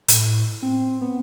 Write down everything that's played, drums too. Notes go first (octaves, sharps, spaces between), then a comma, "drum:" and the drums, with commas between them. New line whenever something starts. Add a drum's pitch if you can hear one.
A2, drum: hi-hat
C4
B3